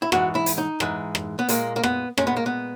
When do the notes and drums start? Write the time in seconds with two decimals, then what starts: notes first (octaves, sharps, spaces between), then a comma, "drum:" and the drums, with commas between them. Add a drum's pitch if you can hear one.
0.02 E4
0.12 G#2 E3 G#3 F#4, drum: rim click
0.35 E4
0.46 drum: hi-hat
0.58 D#4
0.80 G#2 E3 G#3, drum: rim click
1.15 drum: rim click
1.39 B3
1.49 A#2 G#3 A#3, drum: hi-hat
1.76 A#3
1.83 B3, drum: rim click
2.18 A#2 G#3 C#4, drum: rim click
2.27 B3
2.37 A#3
2.46 B3